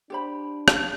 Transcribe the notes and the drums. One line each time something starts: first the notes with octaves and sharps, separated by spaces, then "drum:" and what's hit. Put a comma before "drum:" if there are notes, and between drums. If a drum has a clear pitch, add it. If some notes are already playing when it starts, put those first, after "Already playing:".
D4 G4 C5 B5
drum: rim click